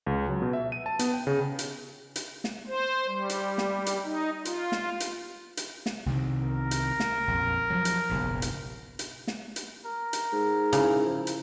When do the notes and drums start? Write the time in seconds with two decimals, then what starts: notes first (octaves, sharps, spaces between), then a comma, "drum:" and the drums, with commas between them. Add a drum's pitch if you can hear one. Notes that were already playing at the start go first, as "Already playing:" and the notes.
0.06 C#2
0.29 F#3
0.42 B2
0.53 E5
0.72 D#7
0.86 A5
0.99 B3, drum: hi-hat
1.14 G5
1.27 C#3
1.59 drum: hi-hat
2.16 drum: hi-hat
2.44 drum: snare
2.67 C5
3.07 G3
3.29 drum: hi-hat
3.58 drum: snare
3.86 drum: hi-hat
4.04 D#4
4.45 F4, drum: hi-hat
4.72 drum: snare
5.00 drum: hi-hat
5.57 drum: hi-hat
5.86 drum: snare
6.06 C2 C3 D#3
6.43 A#4
6.71 drum: hi-hat
7.00 drum: snare
7.28 A#1 F2
7.70 F3 F#3
7.85 drum: hi-hat
8.09 F#1 B1 G#2
8.42 drum: hi-hat
8.99 drum: hi-hat
9.27 drum: snare
9.56 drum: hi-hat
9.85 A#4
10.13 drum: hi-hat
10.32 G#2
10.73 C#3 E4, drum: hi-hat
11.06 F3
11.27 drum: hi-hat